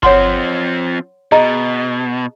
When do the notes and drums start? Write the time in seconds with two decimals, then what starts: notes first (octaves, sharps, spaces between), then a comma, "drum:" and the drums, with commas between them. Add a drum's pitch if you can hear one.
0.03 F3 C4 C#5 F#5 C6, drum: kick G1
1.32 B2 G#4 D#5 A#5